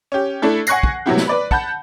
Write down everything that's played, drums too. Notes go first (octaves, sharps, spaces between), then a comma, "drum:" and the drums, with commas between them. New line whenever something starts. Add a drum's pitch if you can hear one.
C#4 G4
A3 D4 E4 A4
F#5 G#5 C#6 F#6 A#6 C7, drum: tambourine
drum: kick
C3 F#3 B3 E4 F#4 G4
drum: snare
B4 D5 B5
F#5 A5 B5 G6, drum: kick